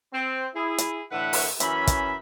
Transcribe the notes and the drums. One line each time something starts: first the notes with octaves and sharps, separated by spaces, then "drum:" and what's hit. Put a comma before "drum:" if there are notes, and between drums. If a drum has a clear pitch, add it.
C4
E4 G#4
drum: hi-hat
A2 D3 E3 B4 E5 F#5
drum: open hi-hat
F#2 E3 C#4 E5 B5, drum: hi-hat
drum: kick, hi-hat